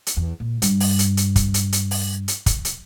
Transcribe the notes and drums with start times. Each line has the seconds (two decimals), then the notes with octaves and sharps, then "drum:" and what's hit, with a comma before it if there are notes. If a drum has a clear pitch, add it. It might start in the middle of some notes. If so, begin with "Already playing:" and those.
0.07 drum: hi-hat
0.17 E2
0.40 A#2
0.62 G2, drum: hi-hat
0.80 drum: open hi-hat
0.99 drum: hi-hat
1.17 drum: hi-hat
1.36 drum: kick, hi-hat
1.54 drum: hi-hat
1.72 drum: hi-hat
1.91 drum: open hi-hat
2.28 drum: hi-hat
2.46 drum: kick, hi-hat
2.65 drum: hi-hat